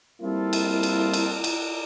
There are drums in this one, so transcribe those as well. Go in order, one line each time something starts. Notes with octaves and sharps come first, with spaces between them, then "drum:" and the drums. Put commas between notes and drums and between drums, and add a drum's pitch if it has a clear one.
G3 A#3 C4 E4 F4 A4
drum: cymbal
drum: cymbal
drum: cymbal
drum: cymbal